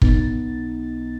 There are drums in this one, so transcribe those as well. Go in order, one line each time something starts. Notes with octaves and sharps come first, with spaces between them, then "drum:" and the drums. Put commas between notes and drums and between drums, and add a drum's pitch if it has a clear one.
B1 B3 D#4 A6, drum: kick